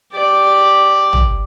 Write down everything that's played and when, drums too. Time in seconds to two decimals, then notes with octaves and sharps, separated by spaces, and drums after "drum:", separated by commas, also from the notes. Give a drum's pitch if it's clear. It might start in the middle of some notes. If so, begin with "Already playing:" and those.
0.15 G4 D5
1.13 drum: tom